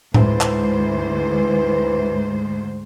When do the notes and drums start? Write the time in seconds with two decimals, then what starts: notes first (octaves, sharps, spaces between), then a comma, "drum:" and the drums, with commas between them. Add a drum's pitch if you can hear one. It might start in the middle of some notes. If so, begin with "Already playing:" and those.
0.14 D2 G#2 E3 C5, drum: tom A2
0.41 drum: clap